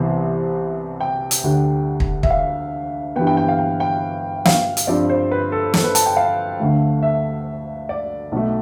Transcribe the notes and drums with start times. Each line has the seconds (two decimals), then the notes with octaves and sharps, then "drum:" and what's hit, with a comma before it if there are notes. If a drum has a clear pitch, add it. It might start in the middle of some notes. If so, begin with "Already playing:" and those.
Already playing: C2 C3 E3 B3 C5
1.01 G5
1.31 drum: hi-hat
1.44 D2 D3 G3 D4
2.00 drum: kick
2.23 E5, drum: kick
2.30 F5
3.16 G2 E3 B3 G5
3.27 G5
3.37 G5
3.48 F5
3.59 G5
3.80 G5
4.45 F5, drum: snare
4.77 drum: hi-hat
4.87 G2 F3 C4 D5
5.09 C5
5.31 B4
5.52 A4
5.74 A4, drum: snare
5.84 B4
5.95 A5, drum: hi-hat
6.06 G5
6.17 F5
6.60 D2 D3 A3
7.03 E5
7.89 D5
8.32 B1 B2 A3